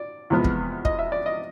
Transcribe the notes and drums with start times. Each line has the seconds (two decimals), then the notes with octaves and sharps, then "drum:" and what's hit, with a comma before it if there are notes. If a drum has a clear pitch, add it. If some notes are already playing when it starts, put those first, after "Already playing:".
Already playing: D5
0.30 E2 C3 F3 G#3 B3
0.44 drum: kick
0.85 D#5, drum: kick
0.99 E5
1.12 D5
1.26 D#5